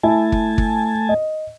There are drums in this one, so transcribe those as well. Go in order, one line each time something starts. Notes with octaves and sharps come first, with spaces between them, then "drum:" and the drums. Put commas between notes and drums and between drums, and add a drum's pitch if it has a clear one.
A3 E4 G#5 A5
drum: kick G1
drum: kick G1
D#5